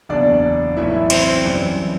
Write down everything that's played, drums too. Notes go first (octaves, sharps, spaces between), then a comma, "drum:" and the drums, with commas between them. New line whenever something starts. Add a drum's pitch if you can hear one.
F#1 E2 B2 D4 D5
B1 A2 E3 E4 E5
C4 C5, drum: cymbal
F#2 E3 G3